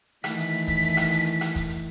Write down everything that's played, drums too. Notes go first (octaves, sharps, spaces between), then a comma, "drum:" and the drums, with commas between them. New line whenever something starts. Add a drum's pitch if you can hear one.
D#3 E3 A3 B6, drum: rim click
drum: hi-hat
drum: hi-hat
drum: kick, hi-hat
drum: hi-hat
drum: rim click
drum: hi-hat
drum: hi-hat
drum: rim click
drum: kick, hi-hat
drum: hi-hat